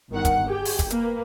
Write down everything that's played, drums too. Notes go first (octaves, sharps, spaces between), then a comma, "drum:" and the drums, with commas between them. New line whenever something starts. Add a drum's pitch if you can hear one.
G1 D#3 F#5
drum: kick, hi-hat
G4 G#4 G5
drum: open hi-hat
drum: kick, hi-hat
A#3 B4, drum: hi-hat